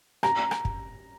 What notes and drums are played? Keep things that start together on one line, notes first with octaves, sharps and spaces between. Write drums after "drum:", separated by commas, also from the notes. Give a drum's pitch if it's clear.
A#5, drum: rim click
drum: rim click
drum: kick